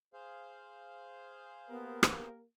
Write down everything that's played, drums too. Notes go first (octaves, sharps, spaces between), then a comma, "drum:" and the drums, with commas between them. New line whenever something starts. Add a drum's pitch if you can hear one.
G#4 C5 F5
A#3 B3 G4 A#4
drum: rim click